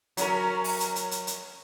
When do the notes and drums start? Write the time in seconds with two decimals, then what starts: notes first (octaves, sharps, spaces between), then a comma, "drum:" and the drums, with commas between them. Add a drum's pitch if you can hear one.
0.17 F#3 C#4 A#4, drum: hi-hat
0.64 drum: open hi-hat
0.80 drum: hi-hat
0.96 drum: hi-hat
1.11 drum: hi-hat
1.27 drum: hi-hat